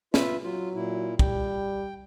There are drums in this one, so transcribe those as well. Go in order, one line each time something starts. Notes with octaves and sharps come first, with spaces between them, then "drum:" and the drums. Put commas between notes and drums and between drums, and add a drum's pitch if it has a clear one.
F4 B4 E5, drum: snare
F#3 F4
A#2 E4
G3 G5, drum: kick